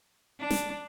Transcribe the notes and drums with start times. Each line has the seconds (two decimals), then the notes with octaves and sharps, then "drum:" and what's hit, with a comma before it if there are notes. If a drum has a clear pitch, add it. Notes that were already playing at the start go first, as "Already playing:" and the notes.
0.40 D4
0.51 drum: snare